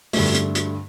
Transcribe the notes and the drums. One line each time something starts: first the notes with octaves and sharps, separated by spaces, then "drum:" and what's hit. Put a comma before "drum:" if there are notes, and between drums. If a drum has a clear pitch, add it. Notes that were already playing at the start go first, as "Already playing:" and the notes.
G2 D3 A3, drum: open hi-hat
drum: hi-hat
drum: hi-hat